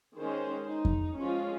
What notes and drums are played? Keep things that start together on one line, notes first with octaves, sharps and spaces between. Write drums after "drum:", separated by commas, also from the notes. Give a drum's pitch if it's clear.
D#3 G#3 C#4 G#4 C5
D#4
drum: kick F2
F3 G#3 C#4 F4